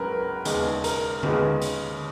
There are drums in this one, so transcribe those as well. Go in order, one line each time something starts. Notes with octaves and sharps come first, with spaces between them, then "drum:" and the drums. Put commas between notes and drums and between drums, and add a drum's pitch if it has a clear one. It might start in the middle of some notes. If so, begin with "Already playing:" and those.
Already playing: C#2 C#3 F#3 A#4 B4
E1 D#2 C#3 G#3 B3, drum: hi-hat
A#4, drum: hi-hat
D#2 C#3 G#3 B3, drum: tom D3
drum: hi-hat